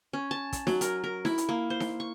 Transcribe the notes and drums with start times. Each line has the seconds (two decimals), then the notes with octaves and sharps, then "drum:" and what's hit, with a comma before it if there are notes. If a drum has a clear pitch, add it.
0.13 C#4
0.31 A5
0.53 drum: kick, hi-hat
0.67 F#3, drum: snare D#4
0.81 A#4, drum: hi-hat
1.04 A#4
1.25 E4, drum: snare D#4
1.38 drum: hi-hat
1.49 A#3
1.70 C5
1.80 drum: snare D#4
2.00 C#6